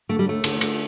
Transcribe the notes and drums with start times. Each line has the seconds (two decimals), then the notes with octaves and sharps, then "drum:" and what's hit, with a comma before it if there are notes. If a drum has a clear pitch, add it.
0.09 D3 A3
0.19 G3
0.27 D#2 A3
0.44 D3, drum: cymbal
0.61 D3, drum: cymbal